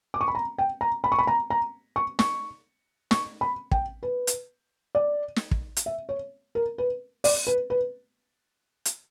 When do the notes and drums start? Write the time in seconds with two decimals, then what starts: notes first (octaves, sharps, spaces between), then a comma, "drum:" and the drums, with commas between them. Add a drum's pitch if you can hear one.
0.14 D6
0.21 C#6
0.28 B5
0.35 A#5
0.58 G5
0.81 A#5
1.04 B5
1.12 C#6
1.19 B5
1.27 A#5
1.50 A#5
1.96 C#6
2.19 C#6, drum: snare
3.11 C#6, drum: snare
3.41 B5
3.71 G5, drum: kick
4.03 B4
4.27 drum: hi-hat
4.95 D5
5.36 drum: snare
5.51 drum: kick
5.77 drum: hi-hat
5.86 E5
6.09 C#5
6.55 A#4
6.78 B4
7.24 D5, drum: open hi-hat
7.47 B4
7.70 B4
8.85 drum: hi-hat